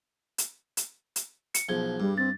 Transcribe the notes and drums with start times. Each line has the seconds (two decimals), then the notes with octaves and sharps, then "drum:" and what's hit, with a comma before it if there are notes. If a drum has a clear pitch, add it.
0.38 drum: hi-hat
0.77 drum: hi-hat
1.16 drum: hi-hat
1.54 C#7, drum: hi-hat
1.69 B1 F3 G#4 G#6 G7
2.00 G2 G3
2.18 C4 A6